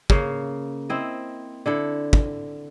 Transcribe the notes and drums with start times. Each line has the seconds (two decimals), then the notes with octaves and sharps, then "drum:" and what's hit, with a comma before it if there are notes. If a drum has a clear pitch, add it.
0.10 C#3 A#3 F5, drum: kick
0.90 C4 E4 D#5
1.66 D3 E4 A4
2.13 drum: kick